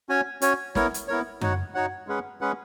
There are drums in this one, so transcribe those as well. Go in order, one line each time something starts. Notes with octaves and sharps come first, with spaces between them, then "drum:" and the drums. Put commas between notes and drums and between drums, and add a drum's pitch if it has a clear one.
C#4 F#4 C#5 G#5
C#4 F#4 C#5 G#5, drum: hi-hat
B3 E4 A#4 C#5, drum: snare
drum: hi-hat
B3 E4 A#4 C#5
D#4 F#4 C#5 F#5, drum: tom F#2
D#4 F#4 C#5 F#5
G#3 C#4 G#4 B4 F#5
G#3 C#4 G#4 B4 F#5